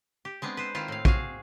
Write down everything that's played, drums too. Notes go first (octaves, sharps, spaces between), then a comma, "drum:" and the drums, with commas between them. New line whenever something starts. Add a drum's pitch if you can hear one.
G4
G#3 B3 C4 D4
B4 C5
D#3 C4 E4 F4
A2 F5
F#4 G#4 F5, drum: kick